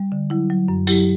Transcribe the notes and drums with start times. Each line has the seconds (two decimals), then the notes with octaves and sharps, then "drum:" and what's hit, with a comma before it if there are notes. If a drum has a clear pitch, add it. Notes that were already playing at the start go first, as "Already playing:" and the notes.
Already playing: G3
0.12 D3
0.30 F#3 E4
0.50 F#3
0.68 F#2
0.87 F#3 E4 G4, drum: tambourine